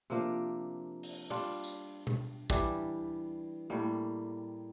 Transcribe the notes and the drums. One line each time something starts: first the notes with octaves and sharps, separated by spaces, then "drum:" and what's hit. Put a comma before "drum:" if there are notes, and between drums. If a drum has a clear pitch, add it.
C3 F3 A#3 D4
drum: open hi-hat
G3 D4 F4, drum: cymbal
drum: tambourine
drum: tom B2
E3 G3 D4 G4, drum: kick
A2 G3 A#3